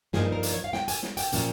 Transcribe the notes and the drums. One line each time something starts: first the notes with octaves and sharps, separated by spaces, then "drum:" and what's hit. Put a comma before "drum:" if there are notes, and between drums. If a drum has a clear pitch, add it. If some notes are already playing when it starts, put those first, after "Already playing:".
G2 F3 A#3 D#4 G#4, drum: snare
A#4
drum: hi-hat
C#5
F5
G5, drum: snare
G#5, drum: hi-hat
drum: snare
G5, drum: hi-hat
A#2 F3 A#3 C#4, drum: hi-hat